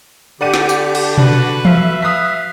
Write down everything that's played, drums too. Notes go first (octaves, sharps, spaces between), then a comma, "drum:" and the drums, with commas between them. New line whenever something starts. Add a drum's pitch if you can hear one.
D3 G4 D5 F#5 D#7
drum: snare
drum: tambourine
drum: cymbal
D4 F#4 B4, drum: tom B2
E5 F5, drum: tom E3
F5 D#6 F#6 B6